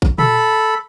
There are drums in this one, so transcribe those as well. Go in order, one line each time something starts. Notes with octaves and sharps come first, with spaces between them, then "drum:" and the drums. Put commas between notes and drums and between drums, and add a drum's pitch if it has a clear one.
drum: kick A1
A4 B5, drum: tom A#2